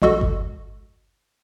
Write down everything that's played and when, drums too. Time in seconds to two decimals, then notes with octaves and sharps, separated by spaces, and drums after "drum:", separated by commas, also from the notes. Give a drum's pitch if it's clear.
0.02 A#1 G#3 F#4 A4 D#5
0.21 drum: kick G1